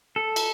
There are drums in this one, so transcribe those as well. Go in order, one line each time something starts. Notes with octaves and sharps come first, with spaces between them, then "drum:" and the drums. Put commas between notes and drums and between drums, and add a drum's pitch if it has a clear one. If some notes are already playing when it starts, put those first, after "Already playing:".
A4
drum: cymbal